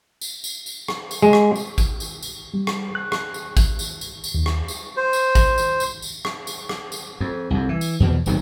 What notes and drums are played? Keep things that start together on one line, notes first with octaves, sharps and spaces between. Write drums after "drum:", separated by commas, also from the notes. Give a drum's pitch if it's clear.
drum: tambourine
drum: tambourine
drum: tambourine
drum: rim click
drum: tambourine
G#3
drum: rim click
drum: tambourine
drum: kick, tambourine
drum: tambourine
drum: tambourine
G3
drum: rim click
F#6
drum: rim click
drum: tambourine
drum: kick, tambourine
drum: tambourine
drum: tambourine
drum: tambourine
D#2
drum: rim click
drum: tambourine
C5
drum: tambourine
drum: kick, tambourine
drum: tambourine
drum: tambourine
drum: tambourine
drum: rim click
drum: tambourine
drum: rim click
drum: tambourine
F2
C2 F2
E3
drum: tambourine
E2 B2 E3 F3
D1 B1 G2 D#3, drum: tambourine